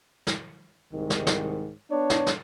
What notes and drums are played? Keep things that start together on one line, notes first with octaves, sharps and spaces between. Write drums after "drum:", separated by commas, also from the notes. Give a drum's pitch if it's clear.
drum: snare
C2 G#2 D#3
drum: snare
drum: snare
B3 D4 C#5
drum: snare
drum: snare